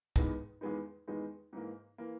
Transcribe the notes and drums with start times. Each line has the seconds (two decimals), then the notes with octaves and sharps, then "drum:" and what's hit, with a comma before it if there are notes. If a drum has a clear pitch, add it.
0.16 E2 D#3 G#3 B3 D#4, drum: kick
0.61 E2 D#3 G#3 B3 D#4
1.08 E2 D#3 G#3 B3 D#4
1.53 G#2 E3 A#3
1.98 E3 A#3